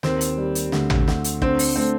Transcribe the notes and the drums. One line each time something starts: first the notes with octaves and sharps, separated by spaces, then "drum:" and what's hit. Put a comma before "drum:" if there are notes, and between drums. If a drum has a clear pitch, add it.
D#2 C4, drum: snare
drum: hi-hat
G3
drum: hi-hat
D2, drum: snare
drum: tom
D2, drum: snare
drum: hi-hat
D3 C4, drum: kick
drum: open hi-hat
A3 C4